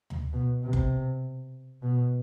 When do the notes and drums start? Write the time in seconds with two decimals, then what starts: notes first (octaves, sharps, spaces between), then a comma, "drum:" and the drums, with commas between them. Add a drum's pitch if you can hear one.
0.10 drum: tom D2
0.33 B2
0.63 C3
0.73 drum: kick F#1
1.82 B2